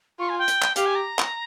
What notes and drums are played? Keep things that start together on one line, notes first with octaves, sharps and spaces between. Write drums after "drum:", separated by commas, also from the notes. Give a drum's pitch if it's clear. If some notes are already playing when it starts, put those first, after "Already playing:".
F4 C#6
G#5
G5
drum: hi-hat
drum: clap
G4 F5, drum: hi-hat
G#5
A#5
drum: clap